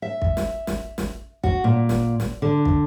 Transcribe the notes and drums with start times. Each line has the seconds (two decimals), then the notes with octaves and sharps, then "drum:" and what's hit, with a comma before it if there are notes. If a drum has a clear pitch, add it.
0.02 E5
0.22 drum: kick
0.37 drum: snare
0.67 drum: snare
0.98 drum: snare
1.44 F#4, drum: kick
1.64 A#2
1.89 drum: snare
2.20 drum: snare
2.42 D3
2.65 drum: kick